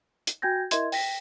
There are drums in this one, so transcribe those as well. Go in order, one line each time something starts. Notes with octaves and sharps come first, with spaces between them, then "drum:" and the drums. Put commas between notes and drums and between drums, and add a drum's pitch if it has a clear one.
drum: hi-hat
F#4 G5 G#5 G6 G#6 A#6
E4 A#4 D#5 E5 C6 G#6, drum: hi-hat
G5 A#6 B6, drum: open hi-hat